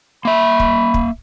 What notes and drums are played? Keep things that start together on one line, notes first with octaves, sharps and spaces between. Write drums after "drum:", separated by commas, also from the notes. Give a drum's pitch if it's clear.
A#3 E5 B5
drum: kick
drum: kick